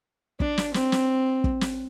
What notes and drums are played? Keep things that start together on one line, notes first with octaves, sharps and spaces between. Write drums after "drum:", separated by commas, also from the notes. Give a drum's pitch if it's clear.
D4, drum: kick
drum: snare
C4, drum: snare
drum: snare
drum: kick
drum: snare